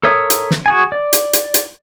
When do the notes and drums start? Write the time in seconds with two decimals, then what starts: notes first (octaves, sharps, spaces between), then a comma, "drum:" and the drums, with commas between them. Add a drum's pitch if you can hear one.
0.03 A4 A#4 C#5 E5 D#6
0.30 drum: hi-hat
0.51 drum: snare
0.66 F#4 G#4 G#5
0.92 D5
1.13 drum: hi-hat
1.33 drum: hi-hat
1.54 drum: hi-hat